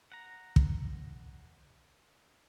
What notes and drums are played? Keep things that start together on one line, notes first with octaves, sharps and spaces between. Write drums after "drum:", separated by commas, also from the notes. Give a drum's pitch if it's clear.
F#5 A#5
drum: kick